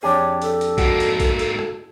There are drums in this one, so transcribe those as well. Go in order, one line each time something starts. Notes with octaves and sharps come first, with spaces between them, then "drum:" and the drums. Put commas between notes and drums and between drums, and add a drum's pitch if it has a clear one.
F2 D4 G4 G#4 C#5
A4, drum: hi-hat
drum: hi-hat
G#2 A#3 F#4, drum: kick, hi-hat
drum: hi-hat
drum: kick, hi-hat
drum: hi-hat
drum: rim click